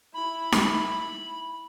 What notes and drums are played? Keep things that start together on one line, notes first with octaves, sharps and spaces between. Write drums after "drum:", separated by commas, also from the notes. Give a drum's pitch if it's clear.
E4 B5
drum: snare D#4